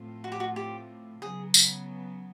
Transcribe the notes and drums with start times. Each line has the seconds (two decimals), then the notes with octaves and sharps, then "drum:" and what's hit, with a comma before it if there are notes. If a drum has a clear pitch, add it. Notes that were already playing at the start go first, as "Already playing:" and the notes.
Already playing: A2 F3 A3 C4 F4
0.24 F#4
0.32 G4
0.40 F#4
0.56 G4
1.22 C#3 F#3 B3 G#4
1.54 drum: tambourine